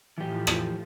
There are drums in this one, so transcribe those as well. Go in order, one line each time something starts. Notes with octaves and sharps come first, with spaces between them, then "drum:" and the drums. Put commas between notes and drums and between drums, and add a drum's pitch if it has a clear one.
A2 E3 F3 G4
drum: rim click